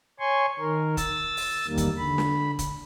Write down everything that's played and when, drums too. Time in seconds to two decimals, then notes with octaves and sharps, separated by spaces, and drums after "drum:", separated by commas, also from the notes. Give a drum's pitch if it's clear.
0.20 C#5 G#5 C6 C#6
0.59 D#3 A#4
0.97 E6 A6, drum: kick, hi-hat
1.37 drum: open hi-hat
1.67 E2 D#3 G3 A#3
1.77 drum: kick, hi-hat
1.98 D3 B5
2.18 drum: snare
2.59 drum: kick, hi-hat